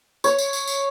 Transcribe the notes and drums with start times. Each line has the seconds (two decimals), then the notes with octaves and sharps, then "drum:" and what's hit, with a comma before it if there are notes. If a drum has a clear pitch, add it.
0.24 C#5, drum: tambourine
0.39 drum: tambourine
0.53 drum: tambourine
0.67 drum: tambourine